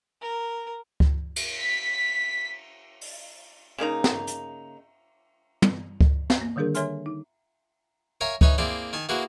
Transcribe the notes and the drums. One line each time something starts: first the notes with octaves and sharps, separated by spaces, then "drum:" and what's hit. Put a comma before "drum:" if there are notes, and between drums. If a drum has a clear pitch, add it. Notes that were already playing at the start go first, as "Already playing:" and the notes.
A#4
drum: kick C#2
drum: cymbal
B6
drum: open hi-hat
C#3 A#3 D#4 A#5
drum: snare
drum: hi-hat
drum: tom
drum: kick C#2
drum: snare
A#3
D3 D#3 G3 D4 G#4 A#4
A4 C#5 E5 G#5 C6 F6, drum: hi-hat
D#4
A#4 C#5 E5 F5 G#5 A#5
D#4 B4 C#5 E5 G#5, drum: kick C#2
A#3 C4 E4 G#4 D5 E5
D#3 G#5 A5
A#3 E4 F#4 G#4 B4